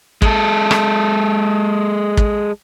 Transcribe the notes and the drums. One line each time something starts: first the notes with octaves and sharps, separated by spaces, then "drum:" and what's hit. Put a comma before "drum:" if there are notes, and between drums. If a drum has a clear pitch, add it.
G#3 A4, drum: kick
drum: rim click
drum: kick